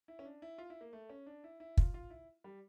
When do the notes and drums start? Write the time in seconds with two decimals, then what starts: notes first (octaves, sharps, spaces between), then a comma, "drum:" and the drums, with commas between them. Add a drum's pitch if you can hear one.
0.08 E4
0.19 C#4
0.25 D4
0.42 E4
0.58 F4
0.70 E4
0.81 A#3
0.93 A3
1.09 C#4
1.26 D4
1.44 E4
1.60 E4
1.77 F4, drum: kick
1.94 F4
2.10 E4
2.44 G3